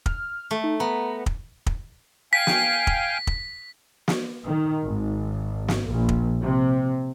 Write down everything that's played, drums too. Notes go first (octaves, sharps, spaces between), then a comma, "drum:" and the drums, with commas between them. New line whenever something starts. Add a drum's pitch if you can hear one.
F6, drum: kick
A3
D#4
B3 A#5
drum: kick
drum: kick
F5 G5 G#5 B6
drum: snare
drum: kick
drum: kick
drum: snare
D#3
G#1
drum: snare
A#1
drum: kick
C3